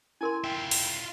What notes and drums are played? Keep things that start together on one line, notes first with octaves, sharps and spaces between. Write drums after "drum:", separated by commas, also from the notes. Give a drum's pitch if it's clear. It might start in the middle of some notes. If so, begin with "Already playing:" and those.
E4 A#4 G#5 C6
F4 E5 G5
drum: open hi-hat